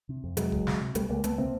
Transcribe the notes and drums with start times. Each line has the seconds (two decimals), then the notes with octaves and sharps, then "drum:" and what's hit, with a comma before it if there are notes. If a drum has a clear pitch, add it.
0.09 C3
0.24 F2
0.37 C3 F#3 G#3, drum: hi-hat
0.52 C#2, drum: kick F1
0.67 C3, drum: snare
0.81 C3
0.95 C#2 G3 A3, drum: hi-hat
1.09 C#2 G#3 A#3
1.24 C#2 A3 B3, drum: hi-hat
1.38 C3 A#3 C4